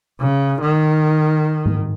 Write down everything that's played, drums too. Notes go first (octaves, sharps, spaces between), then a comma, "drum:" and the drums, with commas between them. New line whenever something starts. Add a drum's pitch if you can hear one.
C#3
D#3
drum: tom G#2